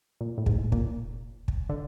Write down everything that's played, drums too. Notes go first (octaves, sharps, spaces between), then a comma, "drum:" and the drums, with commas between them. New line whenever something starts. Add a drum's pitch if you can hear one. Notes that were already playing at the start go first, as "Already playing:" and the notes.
A#2
A2
G#2, drum: kick
A#2, drum: kick
drum: kick
D3